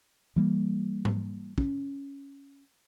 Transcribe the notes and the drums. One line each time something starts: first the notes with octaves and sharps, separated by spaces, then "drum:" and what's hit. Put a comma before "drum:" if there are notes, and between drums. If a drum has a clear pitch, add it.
E3 G3 A#3
drum: tom G#2
C#4, drum: kick